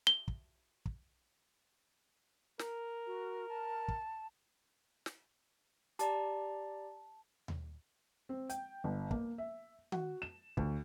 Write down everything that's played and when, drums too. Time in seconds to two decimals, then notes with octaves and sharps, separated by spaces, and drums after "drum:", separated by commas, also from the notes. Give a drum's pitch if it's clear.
0.07 G7
0.28 drum: kick
0.86 drum: kick
2.59 A#4, drum: snare
3.07 F#4
3.49 A5
3.88 drum: kick
5.06 drum: snare
5.99 G4 D5 A5 A#5, drum: hi-hat
7.48 drum: tom D#2
8.29 C4
8.49 G5, drum: hi-hat
8.84 G1
9.11 A#3, drum: kick
9.38 E5
9.92 F#4, drum: tom D#3
10.22 E7
10.57 D2, drum: kick